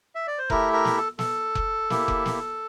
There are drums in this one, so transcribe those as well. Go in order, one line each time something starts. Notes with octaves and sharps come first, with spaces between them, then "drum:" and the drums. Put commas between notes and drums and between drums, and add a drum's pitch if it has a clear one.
E5
D5
C5
A3 E4 G4 A#4, drum: kick F1
A#4
drum: snare
A4
A4, drum: snare
drum: kick F1
A#3 E4 G4, drum: snare
drum: kick F1
drum: snare